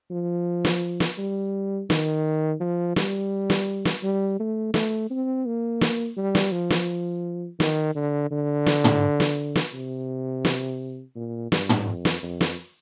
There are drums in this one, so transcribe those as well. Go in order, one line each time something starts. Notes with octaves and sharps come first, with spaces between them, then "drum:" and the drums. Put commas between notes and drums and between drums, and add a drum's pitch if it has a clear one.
F3
drum: snare
drum: snare
G3
D#3, drum: snare
F3
G3, drum: snare
drum: snare
drum: snare
G3
A3
A3, drum: snare
C4
A#3
drum: snare
G3
drum: snare
F3
drum: snare
D#3, drum: snare
D3
D3
drum: snare
drum: tom
drum: snare
drum: snare
C3
drum: snare
A#2
G2, drum: snare
drum: tom
F2
drum: snare
F2
drum: snare